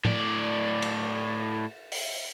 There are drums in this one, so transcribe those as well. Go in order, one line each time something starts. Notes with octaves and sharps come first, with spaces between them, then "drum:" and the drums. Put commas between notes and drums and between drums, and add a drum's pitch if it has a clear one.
A2 D5, drum: tom A2
drum: cymbal
drum: open hi-hat